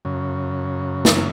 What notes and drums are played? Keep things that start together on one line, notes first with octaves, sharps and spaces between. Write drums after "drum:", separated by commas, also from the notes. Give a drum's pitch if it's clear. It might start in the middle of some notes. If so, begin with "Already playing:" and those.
F#2 C#3
drum: snare